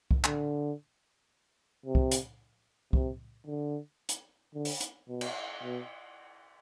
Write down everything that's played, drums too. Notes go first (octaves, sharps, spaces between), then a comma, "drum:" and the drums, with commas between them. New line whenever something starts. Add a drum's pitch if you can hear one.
drum: kick C2
D3, drum: clap
C3
drum: kick C2
drum: hi-hat
C3, drum: kick C2
D3
drum: hi-hat
D3
drum: open hi-hat
drum: hi-hat
B2
drum: cymbal
B2